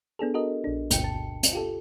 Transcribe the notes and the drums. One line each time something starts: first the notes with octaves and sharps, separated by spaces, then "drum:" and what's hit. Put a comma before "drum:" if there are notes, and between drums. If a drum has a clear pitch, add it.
B3 D4 G#4 A4
F#4 A4 A#4 D#5
A#1 D4
G1 D2 G2 B2 G5 C#7, drum: hi-hat
A5
drum: hi-hat
F4 G4 A4